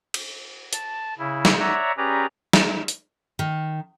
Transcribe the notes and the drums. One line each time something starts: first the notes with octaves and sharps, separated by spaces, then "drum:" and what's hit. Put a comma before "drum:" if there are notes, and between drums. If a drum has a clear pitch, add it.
drum: cymbal
A5, drum: hi-hat
C#3 E4
drum: snare
C#5 D5 E5 F#5 A#5
C#4 G4 G#4 B4 D5 A#5
drum: snare
drum: hi-hat
D#3